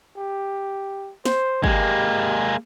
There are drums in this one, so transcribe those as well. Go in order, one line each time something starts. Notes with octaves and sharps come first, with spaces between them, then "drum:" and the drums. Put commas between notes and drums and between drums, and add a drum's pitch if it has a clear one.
G4
C5, drum: snare
G#3 A#3 G4, drum: kick